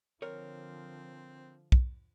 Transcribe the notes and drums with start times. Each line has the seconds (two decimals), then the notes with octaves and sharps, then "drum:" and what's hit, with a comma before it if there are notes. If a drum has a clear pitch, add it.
0.22 D3 F3 C4 A#4 C#5
1.72 drum: kick